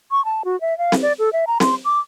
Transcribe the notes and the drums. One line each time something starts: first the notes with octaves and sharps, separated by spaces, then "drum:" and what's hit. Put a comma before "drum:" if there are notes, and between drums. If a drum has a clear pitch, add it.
C#6
A5
F#4
E5
F5
drum: snare C4
D5
A4
E5
A#5
C6, drum: snare C4
D6